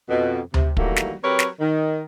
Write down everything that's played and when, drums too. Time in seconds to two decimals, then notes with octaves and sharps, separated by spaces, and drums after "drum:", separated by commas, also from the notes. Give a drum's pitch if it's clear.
0.09 F2 B2
0.54 C3, drum: tom D2
0.77 D#3 E3 F#3 G3 A3 A#3, drum: kick
0.96 drum: snare
1.24 F#3 C4 G4 A#4 B4 C#5
1.39 drum: snare
1.60 D#3